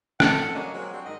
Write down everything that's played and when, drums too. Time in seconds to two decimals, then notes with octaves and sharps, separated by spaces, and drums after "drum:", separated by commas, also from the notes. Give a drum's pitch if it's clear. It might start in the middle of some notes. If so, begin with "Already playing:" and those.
0.20 A4 F#5, drum: rim click
0.54 F#3 G#3 A#3 C#4 D5 D#5
0.73 F#3 G#3 A#3 C4 F#4
0.92 F#3 C4 D4 F#4
1.05 G#2 D#3 D#5